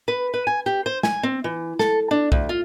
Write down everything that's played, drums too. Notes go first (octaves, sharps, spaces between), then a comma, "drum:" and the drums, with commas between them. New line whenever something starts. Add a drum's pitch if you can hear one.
B4
B4
G#5
G4
C5
G#5, drum: snare
C4
E3
A4, drum: snare
D4
D2, drum: kick B1
F4